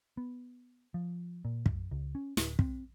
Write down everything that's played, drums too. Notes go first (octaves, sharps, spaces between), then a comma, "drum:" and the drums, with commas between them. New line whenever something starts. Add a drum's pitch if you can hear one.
B3
F3
A#2
F#2, drum: kick
C#2
C#4
D1, drum: snare
C4, drum: kick